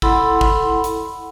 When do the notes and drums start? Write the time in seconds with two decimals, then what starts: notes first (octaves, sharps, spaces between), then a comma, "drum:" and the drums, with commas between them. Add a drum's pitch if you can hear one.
0.02 E4 A4 F#5 B5 C6, drum: kick
0.41 drum: kick
0.84 drum: hi-hat